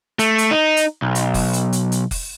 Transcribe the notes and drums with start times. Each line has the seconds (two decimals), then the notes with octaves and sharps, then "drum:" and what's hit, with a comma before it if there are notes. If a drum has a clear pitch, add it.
0.19 A3, drum: hi-hat
0.38 drum: hi-hat
0.51 D#4
0.77 drum: hi-hat
1.02 B1
1.15 drum: hi-hat
1.34 drum: kick F1, open hi-hat
1.53 drum: hi-hat
1.73 drum: hi-hat
1.92 drum: hi-hat
2.11 drum: kick F1, open hi-hat